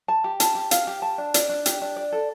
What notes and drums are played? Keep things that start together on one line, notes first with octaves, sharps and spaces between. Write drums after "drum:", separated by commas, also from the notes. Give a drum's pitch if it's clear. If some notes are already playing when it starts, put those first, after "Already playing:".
A5
G4
A5, drum: hi-hat
G4
F5, drum: hi-hat
G4
A5
D4
D5, drum: hi-hat
D4
G4, drum: hi-hat
D4
D5
A4